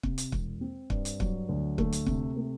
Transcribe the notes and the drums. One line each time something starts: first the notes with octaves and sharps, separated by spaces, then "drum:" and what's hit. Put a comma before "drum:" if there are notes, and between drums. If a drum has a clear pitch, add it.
C3, drum: kick
drum: hi-hat
E1, drum: kick
C4
G2, drum: kick
drum: hi-hat
F#3, drum: kick
D2
A3, drum: kick
drum: hi-hat
C3, drum: kick
A3